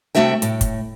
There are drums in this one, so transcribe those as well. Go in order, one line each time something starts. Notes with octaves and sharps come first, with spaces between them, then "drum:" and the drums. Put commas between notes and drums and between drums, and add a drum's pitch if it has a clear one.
C3 D#3 A3 F#4 E5 G5
A2, drum: hi-hat
drum: kick, hi-hat